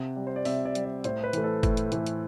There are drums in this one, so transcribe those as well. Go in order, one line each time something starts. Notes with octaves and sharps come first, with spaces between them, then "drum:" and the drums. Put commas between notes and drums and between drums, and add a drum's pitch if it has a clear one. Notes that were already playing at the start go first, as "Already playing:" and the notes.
Already playing: C3 F#5
G3
C5
D5
C3 E5, drum: open hi-hat
D5
G3, drum: hi-hat
D5
A2 C5, drum: hi-hat
B4
E3 A3, drum: hi-hat
A4
A2, drum: kick F#1, hi-hat
drum: hi-hat
E3 A3, drum: hi-hat
drum: hi-hat